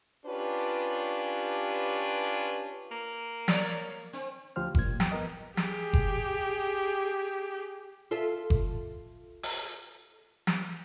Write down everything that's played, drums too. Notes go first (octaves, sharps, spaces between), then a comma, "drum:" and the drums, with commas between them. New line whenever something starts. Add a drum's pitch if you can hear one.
C#4 D4 F4 G4 B4
A#3
A#4 C#5 D5, drum: snare
C4
D2 F3 G4 C5 F6
D2 G2 A#2 G#6, drum: kick F#1
G5, drum: snare
B3 A#4 D#5
G4 G#4, drum: snare
drum: kick F#1
F4 A4 E5
drum: kick F#1
drum: open hi-hat
drum: snare